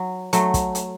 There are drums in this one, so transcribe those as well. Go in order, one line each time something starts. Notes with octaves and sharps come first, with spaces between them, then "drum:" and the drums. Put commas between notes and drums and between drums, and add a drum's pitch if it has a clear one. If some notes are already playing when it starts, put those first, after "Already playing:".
Already playing: F#3
F#3 A3, drum: hi-hat
drum: kick, hi-hat
drum: hi-hat